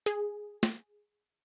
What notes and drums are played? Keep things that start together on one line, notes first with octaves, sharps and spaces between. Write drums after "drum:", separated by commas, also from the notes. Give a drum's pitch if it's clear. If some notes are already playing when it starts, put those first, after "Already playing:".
G#4, drum: hi-hat
drum: snare